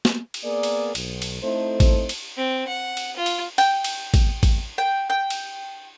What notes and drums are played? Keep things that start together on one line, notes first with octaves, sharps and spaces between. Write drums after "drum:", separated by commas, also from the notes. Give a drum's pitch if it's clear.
drum: snare A#3
drum: cymbal
A#3 B3 G#4 A#4 D5
drum: cymbal
B1, drum: cymbal
drum: cymbal
A3 C4 D#4 E4 A4 C5
drum: kick, cymbal
drum: cymbal
C4
F#5
drum: cymbal
F4
drum: cymbal
G5, drum: cymbal
drum: cymbal
drum: kick, cymbal
drum: kick, cymbal
G5
G5
drum: cymbal